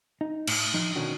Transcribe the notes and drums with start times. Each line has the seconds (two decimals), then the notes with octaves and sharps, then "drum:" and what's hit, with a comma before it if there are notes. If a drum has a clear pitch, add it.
0.21 D#4
0.48 A2, drum: cymbal
0.74 F3 D#4
0.96 B2 D#3 C#4 D4 F#4